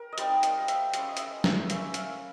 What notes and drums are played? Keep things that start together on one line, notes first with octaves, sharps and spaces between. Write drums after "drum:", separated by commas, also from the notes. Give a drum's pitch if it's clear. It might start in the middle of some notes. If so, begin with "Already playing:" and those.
Already playing: A#4
D#5
G3 C4 D#4 D5, drum: hi-hat
D#5, drum: hi-hat
F5
E5, drum: hi-hat
G#3 C#4 E4 F5, drum: hi-hat
E5
D#5
E5, drum: hi-hat
drum: snare
A#3 C#4 E4 E5, drum: hi-hat
F5, drum: hi-hat